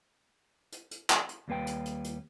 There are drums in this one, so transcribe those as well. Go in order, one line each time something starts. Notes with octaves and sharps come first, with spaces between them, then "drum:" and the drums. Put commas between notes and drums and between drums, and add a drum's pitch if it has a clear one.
drum: hi-hat
drum: hi-hat
drum: clap
drum: hi-hat
D#2 G3 A#3 B4 G5
drum: hi-hat
drum: hi-hat
drum: hi-hat